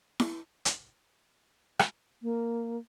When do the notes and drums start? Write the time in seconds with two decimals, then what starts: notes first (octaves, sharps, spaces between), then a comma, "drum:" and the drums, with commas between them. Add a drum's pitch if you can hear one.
0.20 drum: snare E4
0.65 drum: hi-hat
1.79 drum: rim click
2.22 A#3